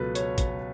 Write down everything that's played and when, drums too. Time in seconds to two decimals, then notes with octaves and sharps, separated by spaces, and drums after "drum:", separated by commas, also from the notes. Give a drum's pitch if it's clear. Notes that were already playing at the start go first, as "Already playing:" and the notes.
Already playing: C#2 B2 F#3 A4 B4
0.15 C#5, drum: hi-hat
0.38 drum: kick A1, hi-hat